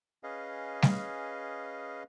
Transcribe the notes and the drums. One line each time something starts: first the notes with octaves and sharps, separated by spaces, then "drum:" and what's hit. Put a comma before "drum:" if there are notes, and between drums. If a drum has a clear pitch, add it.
C#4 G#4 B4 D#5 F5
drum: snare G3